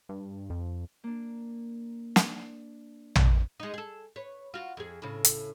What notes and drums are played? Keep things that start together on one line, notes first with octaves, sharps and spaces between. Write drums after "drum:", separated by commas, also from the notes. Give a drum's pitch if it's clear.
G2
F2
A#3 D4
D4, drum: snare
drum: tom
G#3 D#4
G#4 A4
B4 C#5
F4 F#4
F2 G#4
A2 C#3
drum: hi-hat